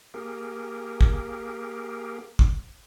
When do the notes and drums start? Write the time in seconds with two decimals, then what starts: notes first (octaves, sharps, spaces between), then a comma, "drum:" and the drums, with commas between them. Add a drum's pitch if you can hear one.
0.14 A#3 G4 G#4 A#4
1.01 drum: kick
2.39 drum: kick